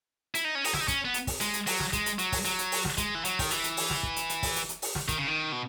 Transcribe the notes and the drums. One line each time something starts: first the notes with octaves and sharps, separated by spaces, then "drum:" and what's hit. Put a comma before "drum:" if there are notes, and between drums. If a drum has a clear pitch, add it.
E4, drum: hi-hat
D#4
C#4
D#4, drum: open hi-hat
E4, drum: snare
D#4
C#4, drum: kick, hi-hat
B3
drum: hi-hat
drum: kick, open hi-hat
G#3, drum: hi-hat
drum: hi-hat
F#3, drum: open hi-hat
drum: snare
G#3, drum: kick, hi-hat
drum: hi-hat
F#3, drum: hi-hat
drum: kick, open hi-hat
F#3, drum: hi-hat
drum: hi-hat
drum: open hi-hat
drum: snare
G#3, drum: kick, hi-hat
E3
F#3, drum: hi-hat
D#3, drum: kick, open hi-hat
E3, drum: hi-hat
drum: hi-hat
drum: open hi-hat
drum: snare
drum: kick
drum: hi-hat
drum: hi-hat
drum: kick, open hi-hat
drum: hi-hat
drum: hi-hat
drum: open hi-hat
drum: snare
D#3, drum: kick, hi-hat
C#3
D#3
B2